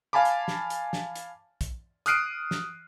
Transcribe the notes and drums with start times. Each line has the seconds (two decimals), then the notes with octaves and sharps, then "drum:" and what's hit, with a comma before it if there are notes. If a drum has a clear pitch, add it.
0.13 F5 G#5 A5 B5 D6
0.25 drum: hi-hat
0.48 drum: snare
0.70 drum: hi-hat
0.93 drum: snare
1.16 drum: hi-hat
1.61 drum: kick, hi-hat
2.06 D#6 F6 F#6 C7 D7 D#7, drum: hi-hat
2.51 drum: snare